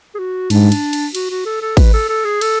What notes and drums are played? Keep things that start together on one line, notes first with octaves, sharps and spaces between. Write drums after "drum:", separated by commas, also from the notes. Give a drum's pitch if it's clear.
G#4
F#4
G#2 D4, drum: cymbal
drum: cymbal
drum: cymbal
F#4, drum: cymbal
F#4
A4
A4
B4, drum: kick, cymbal
A4
A4
G#4
A4, drum: cymbal